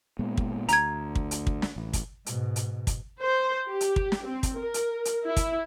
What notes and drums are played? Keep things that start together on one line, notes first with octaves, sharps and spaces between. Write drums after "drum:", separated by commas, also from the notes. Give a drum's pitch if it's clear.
A#2 G#3 B3
drum: kick
D2 A#5 G#6, drum: hi-hat
drum: kick
drum: hi-hat
drum: kick
drum: snare
A1
drum: kick, hi-hat
G#2 B2, drum: hi-hat
drum: hi-hat
drum: kick, hi-hat
C5
G4
drum: hi-hat
drum: kick
drum: snare
C4
drum: kick, hi-hat
A#4
drum: hi-hat
drum: hi-hat
E4
drum: kick, hi-hat